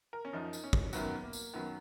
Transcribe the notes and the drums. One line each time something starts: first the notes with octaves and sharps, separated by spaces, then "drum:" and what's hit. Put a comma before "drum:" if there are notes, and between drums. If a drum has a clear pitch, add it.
A#4
C#4
F#2 F3 D#4
drum: tambourine
C#4
drum: kick
F#2 D#3 F#3 B3, drum: tambourine
A#3
drum: tambourine
F#2 D#3 F#3 B3